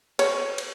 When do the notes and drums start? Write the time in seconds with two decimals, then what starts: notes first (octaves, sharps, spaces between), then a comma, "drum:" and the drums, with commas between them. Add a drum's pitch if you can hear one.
0.19 C#5, drum: cymbal
0.58 drum: cymbal